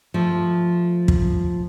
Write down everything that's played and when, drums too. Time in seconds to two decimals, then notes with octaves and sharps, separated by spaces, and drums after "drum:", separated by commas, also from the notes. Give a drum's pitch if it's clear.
0.14 F3 A3
1.08 drum: kick